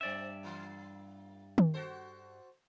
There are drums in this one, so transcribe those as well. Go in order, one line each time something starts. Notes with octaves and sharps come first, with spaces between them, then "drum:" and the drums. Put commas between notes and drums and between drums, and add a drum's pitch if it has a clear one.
G2 C4 D5 E5
E3 A#3
drum: tom D#3
F#4 A4 C5